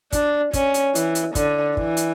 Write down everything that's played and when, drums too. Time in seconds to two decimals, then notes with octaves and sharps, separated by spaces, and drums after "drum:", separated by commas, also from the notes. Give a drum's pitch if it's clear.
0.13 D4, drum: kick, hi-hat
0.54 C#4, drum: kick, hi-hat
0.74 drum: hi-hat
0.95 E3, drum: hi-hat
1.15 drum: hi-hat
1.35 D3, drum: kick, hi-hat
1.77 E3, drum: kick
1.97 drum: hi-hat